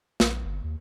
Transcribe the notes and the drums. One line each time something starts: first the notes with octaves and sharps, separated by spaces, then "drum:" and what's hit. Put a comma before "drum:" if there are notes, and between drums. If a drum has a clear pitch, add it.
A#1, drum: snare
G1
D#2